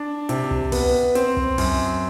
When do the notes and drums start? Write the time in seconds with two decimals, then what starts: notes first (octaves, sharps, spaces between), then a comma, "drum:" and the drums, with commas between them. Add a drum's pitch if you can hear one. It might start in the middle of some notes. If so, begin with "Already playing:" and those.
Already playing: D4
0.29 C3, drum: hi-hat
0.51 drum: kick
0.72 B3, drum: kick, open hi-hat
1.15 C4, drum: hi-hat
1.37 drum: kick
1.58 F#2, drum: kick, open hi-hat